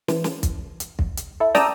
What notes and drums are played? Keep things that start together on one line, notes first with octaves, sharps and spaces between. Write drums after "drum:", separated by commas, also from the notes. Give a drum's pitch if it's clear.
E3, drum: snare
drum: snare
drum: kick, hi-hat
drum: hi-hat
drum: kick
drum: hi-hat
E4 A4
D5 G5 A5 A#5 D#6 E6, drum: snare